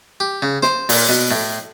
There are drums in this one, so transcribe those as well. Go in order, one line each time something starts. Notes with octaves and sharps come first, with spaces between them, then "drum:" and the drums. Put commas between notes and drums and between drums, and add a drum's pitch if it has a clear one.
G4
C#3
C5, drum: snare
A#2, drum: open hi-hat
B2
A2